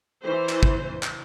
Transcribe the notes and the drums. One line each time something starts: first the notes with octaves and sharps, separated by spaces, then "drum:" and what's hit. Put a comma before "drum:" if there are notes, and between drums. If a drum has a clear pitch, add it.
E3 C5
drum: clap
drum: kick
drum: clap